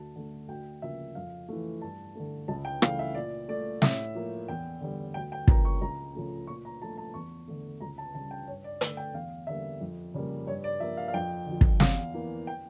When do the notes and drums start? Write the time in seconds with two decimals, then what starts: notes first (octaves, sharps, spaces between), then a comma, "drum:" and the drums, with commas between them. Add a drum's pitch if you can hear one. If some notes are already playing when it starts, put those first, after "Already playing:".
Already playing: D2 A5
0.16 D3 A3
0.48 D2 G5
0.82 C#3 F3 A#3 E5
1.15 F2 F5
1.49 E3 A3
1.82 G2 A5
2.15 D3 A3
2.48 C#2 A5
2.65 G5
2.82 C#3 E3 A3 F5, drum: rim click
2.99 E5
3.15 A#2 D5
3.49 A3 D5
3.82 A2 E5, drum: snare
4.15 F3 A#3
4.48 E2 G5
4.81 D3 G3
5.14 D2 G5
5.32 G5
5.48 C#3 F3 A#3 A#5, drum: kick
5.65 C#6
5.81 C#2 A#5
6.15 C#3 F3 A3
6.47 A#2 C#6
6.65 A#5
6.81 F3 A3 A5
6.98 A5
7.14 E2 C#6
7.48 D3 A3
7.81 C#2 A#5
7.98 A5
8.15 C#3 G3 A5
8.31 G5
8.47 G2 C#5
8.64 D5
8.81 D3 A3, drum: hi-hat
8.97 G5
9.14 E2 F5
9.47 D3 G3 A#3 E5
9.81 F2
10.14 C#3 G3 A#3
10.47 G2 C#5
10.64 D5
10.80 F3 A#3 E5
10.97 F5
11.08 F5
11.14 F2 G5
11.46 D3
11.51 F3
11.61 drum: kick
11.80 E2 F5, drum: snare
12.14 E3 A#3
12.47 G5